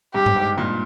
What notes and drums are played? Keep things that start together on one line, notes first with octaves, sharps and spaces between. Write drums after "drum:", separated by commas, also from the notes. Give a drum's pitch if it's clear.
G2 G4
drum: tom G2
G#2
G2 A#2